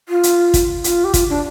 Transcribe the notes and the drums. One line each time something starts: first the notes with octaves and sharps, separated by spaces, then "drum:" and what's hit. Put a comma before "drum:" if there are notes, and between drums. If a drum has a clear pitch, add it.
F4
drum: hi-hat
drum: kick, hi-hat
F4, drum: hi-hat
G4
F4, drum: kick, hi-hat
D4